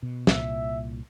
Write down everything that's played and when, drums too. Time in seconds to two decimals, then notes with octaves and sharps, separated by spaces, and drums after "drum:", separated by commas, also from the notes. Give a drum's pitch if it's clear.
0.03 B2
0.27 C2 A#2 E5, drum: snare